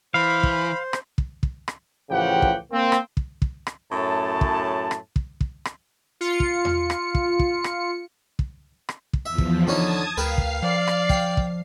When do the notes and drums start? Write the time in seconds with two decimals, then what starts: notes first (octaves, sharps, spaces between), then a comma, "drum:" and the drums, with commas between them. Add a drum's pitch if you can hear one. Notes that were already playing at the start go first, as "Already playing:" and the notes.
0.14 E3 C5 F5 B5
0.43 drum: kick
0.93 drum: rim click
1.18 drum: kick
1.43 drum: kick
1.68 drum: rim click
2.10 A1 C#3 F3 G4 F#5 G5
2.42 drum: kick
2.72 A#3 C4
2.92 drum: rim click
3.17 drum: kick
3.42 drum: kick
3.67 drum: rim click
3.92 F#2 A2 A5
4.41 drum: kick
4.91 drum: rim click
5.16 drum: kick
5.41 drum: kick
5.65 drum: rim click
6.21 F4 C#7
6.40 drum: kick
6.65 drum: tom E2
6.90 drum: rim click
7.15 drum: kick
7.39 drum: kick
7.64 drum: rim click
8.39 drum: kick
8.89 drum: rim click
9.13 drum: kick
9.26 E2 F3 E5
9.38 drum: kick
9.68 D3 F3 C#4 D#4 A5 D#6 G#6
10.17 D2 A#4 B4 F5 G5 C7
10.38 drum: kick
10.63 F3 D5
10.87 drum: rim click
11.09 G5, drum: kick
11.37 drum: kick